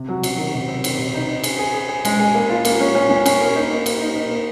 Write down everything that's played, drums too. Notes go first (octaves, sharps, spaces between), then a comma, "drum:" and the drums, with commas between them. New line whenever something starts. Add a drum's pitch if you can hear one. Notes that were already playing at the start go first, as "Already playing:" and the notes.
Already playing: C3
F#3
F#3, drum: cymbal
D#3
C3
C4
D#3, drum: cymbal
C3
D#4
D#4
G#4, drum: cymbal
G#4
G#4
G#4
G#3, drum: cymbal
G#4
A#3
F4
A#3, drum: cymbal
C#4
C#4
C#4
C#4, drum: cymbal
A#3
D#4
A#3
A#3, drum: cymbal
D#4
A#4
A#3